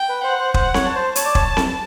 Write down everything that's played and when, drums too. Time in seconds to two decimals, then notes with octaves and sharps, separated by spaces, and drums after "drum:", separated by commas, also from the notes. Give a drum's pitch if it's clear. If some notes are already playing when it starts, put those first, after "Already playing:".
Already playing: G5
0.09 B4
0.24 C5 F#5
0.40 C5
0.54 C5 F#5, drum: kick
0.74 C#5, drum: snare C4
0.86 A5
0.95 C5
1.15 C#5 A5, drum: hi-hat
1.25 D5
1.35 C#5, drum: kick
1.57 drum: snare C4